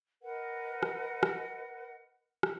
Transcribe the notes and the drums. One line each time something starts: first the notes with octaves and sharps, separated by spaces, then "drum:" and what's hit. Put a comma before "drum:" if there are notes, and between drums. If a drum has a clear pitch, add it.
A#4 B4 D#5 F#5
drum: rim click
drum: rim click
drum: rim click